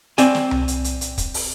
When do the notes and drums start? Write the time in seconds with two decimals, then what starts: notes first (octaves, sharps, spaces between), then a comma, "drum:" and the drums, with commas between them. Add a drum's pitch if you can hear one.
0.18 C4 D5 G#5, drum: hi-hat
0.35 drum: snare
0.51 drum: tom C2
0.68 drum: hi-hat
0.84 drum: hi-hat
1.01 drum: hi-hat
1.18 drum: kick, hi-hat
1.34 drum: open hi-hat